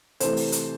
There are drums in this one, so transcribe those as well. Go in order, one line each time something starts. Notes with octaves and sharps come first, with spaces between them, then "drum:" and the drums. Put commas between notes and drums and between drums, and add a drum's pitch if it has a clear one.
C3 E3 A3 C5, drum: hi-hat
drum: open hi-hat
drum: hi-hat